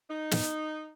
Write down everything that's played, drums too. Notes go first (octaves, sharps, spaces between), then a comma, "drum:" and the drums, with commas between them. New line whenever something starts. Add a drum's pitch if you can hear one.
D#4
drum: snare